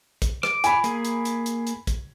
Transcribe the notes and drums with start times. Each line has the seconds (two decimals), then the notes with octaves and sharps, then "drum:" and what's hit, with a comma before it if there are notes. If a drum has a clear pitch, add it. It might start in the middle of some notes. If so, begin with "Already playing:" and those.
0.22 drum: kick, hi-hat
0.43 D6, drum: rim click
0.64 G#5 B5, drum: hi-hat
0.84 A#3 G#4, drum: hi-hat
1.05 drum: hi-hat
1.25 drum: hi-hat
1.46 drum: hi-hat
1.67 drum: hi-hat
1.87 drum: kick, hi-hat